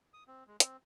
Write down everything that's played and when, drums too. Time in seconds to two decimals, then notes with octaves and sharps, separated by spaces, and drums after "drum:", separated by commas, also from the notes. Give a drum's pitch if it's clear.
0.14 D#6
0.28 C4
0.47 G#3
0.60 C4, drum: hi-hat